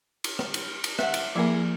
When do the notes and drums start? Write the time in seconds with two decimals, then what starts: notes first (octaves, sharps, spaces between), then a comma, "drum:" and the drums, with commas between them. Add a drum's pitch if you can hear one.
0.24 drum: cymbal
0.39 drum: rim click
0.54 drum: cymbal
0.84 drum: cymbal
0.99 E5 F#5, drum: rim click
1.14 drum: cymbal
1.36 F3 A#3 E4 G#4 A#4